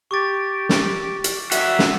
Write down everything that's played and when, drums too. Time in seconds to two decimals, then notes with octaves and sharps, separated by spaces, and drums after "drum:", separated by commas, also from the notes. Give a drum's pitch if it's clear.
0.11 G4 C#6 D6 A6
0.69 drum: snare
1.24 drum: hi-hat
1.52 F#4 E5, drum: hi-hat
1.79 drum: snare